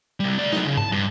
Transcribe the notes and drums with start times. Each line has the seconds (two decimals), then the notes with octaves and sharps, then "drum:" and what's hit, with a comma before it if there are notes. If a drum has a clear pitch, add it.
0.20 C3 G3
0.38 A3 D5
0.53 F#3 D#4, drum: snare
0.65 C#3
0.77 A5, drum: tom G#2
0.92 G2